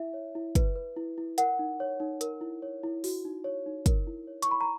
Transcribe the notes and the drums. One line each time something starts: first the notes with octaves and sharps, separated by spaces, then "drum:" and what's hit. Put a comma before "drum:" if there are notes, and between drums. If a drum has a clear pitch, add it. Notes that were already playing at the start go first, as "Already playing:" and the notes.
Already playing: E4 E5
C#5
E4
B4, drum: kick, hi-hat
B4
E4
E4
A#4 F#5, drum: hi-hat
D#4
C#5
D#4
A#4, drum: hi-hat
E4
C#5
E4
F#4, drum: open hi-hat
D#4
C#5
D#4
A#4, drum: kick, hi-hat
E4
C#5
C#6, drum: hi-hat
E4 B5
A#5